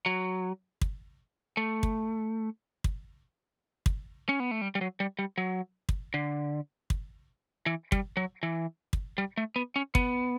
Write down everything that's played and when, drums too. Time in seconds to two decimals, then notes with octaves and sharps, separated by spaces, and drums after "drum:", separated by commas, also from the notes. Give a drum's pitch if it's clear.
0.06 F#3
0.81 drum: kick
1.57 A3
1.83 drum: kick
2.84 drum: kick
3.86 drum: kick
4.29 C#4
4.40 B3
4.51 A3
4.61 G3
4.75 G3
4.81 F#3
5.00 G3
5.19 G3
5.38 F#3
5.89 drum: kick
6.14 D3
6.90 drum: kick
7.66 E3
7.92 G3, drum: kick
8.17 F#3
8.43 E3
8.93 drum: kick
9.18 G3
9.37 A3
9.56 B3
9.76 C#4
9.95 B3, drum: kick